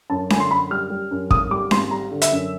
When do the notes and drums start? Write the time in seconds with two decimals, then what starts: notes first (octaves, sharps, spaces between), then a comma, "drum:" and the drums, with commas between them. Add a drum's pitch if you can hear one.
0.10 F#2 A5
0.30 D3 G#5, drum: snare C#4
0.40 C6
0.50 F#2 B5
0.70 G3 F6
0.90 G3
1.11 F#2
1.31 G#1 D#6, drum: kick
1.51 G3 D6
1.71 G#1 C6, drum: snare C#4
1.91 G3 A#5
2.11 D3
2.22 E5, drum: hi-hat
2.32 F#2